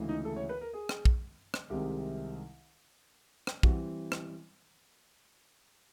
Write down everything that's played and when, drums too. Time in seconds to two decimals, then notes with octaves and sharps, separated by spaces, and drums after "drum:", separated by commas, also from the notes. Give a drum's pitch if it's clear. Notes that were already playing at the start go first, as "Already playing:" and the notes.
Already playing: D2 C#3 E3 G#3
0.09 D#4
0.25 A4
0.36 C#5
0.49 B4
0.61 A#4
0.73 G#4
0.89 drum: rim click
1.05 drum: kick
1.54 drum: rim click
1.70 C2 C3 D#3 G#3 C4 G4
3.47 drum: rim click
3.63 E3 G3 C4 F#4, drum: kick
4.12 drum: rim click